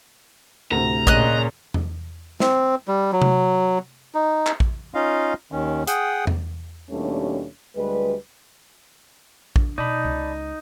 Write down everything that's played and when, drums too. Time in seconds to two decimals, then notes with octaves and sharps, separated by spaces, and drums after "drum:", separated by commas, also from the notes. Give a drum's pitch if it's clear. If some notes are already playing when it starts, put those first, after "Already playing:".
0.71 D2 A2 C3 A#5
1.07 A#2 C#3 D#5 F#6, drum: kick
1.74 drum: tom E2
2.40 C4, drum: snare
2.88 G3
3.12 F#3
3.22 drum: tom C3
4.15 D#4
4.46 drum: clap
4.60 drum: kick
4.95 C#4 D#4 F4 D#5 F5
5.52 D#2 D#3 C#4
5.87 G#4 F#5 G5 D#6, drum: hi-hat
6.27 drum: tom E2
6.90 D#2 B2 G3 A3 C#4 D4
7.76 D2 G3 G#3 G4 B4
9.56 D4, drum: kick
9.78 B2 D#4 D5 A5 B5
10.04 C#2